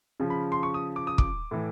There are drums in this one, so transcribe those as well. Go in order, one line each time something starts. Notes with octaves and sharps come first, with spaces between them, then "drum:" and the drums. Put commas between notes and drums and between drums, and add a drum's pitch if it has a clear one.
C#3 F3
B5
C6
C#6
D#6
D6
D#6
D6, drum: kick
A2 E3